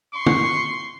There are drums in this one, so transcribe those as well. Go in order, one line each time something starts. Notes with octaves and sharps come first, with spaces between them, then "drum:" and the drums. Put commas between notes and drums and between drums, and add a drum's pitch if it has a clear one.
C6 C#6
drum: tom